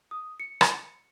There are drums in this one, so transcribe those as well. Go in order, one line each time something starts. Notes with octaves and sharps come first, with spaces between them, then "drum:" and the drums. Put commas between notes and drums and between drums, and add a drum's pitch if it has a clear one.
D#6
C#7
drum: rim click